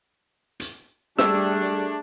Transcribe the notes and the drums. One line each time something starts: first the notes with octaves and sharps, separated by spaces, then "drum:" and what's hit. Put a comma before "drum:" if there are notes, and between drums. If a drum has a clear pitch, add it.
drum: hi-hat
G3 A3 D4 G#4 E6, drum: snare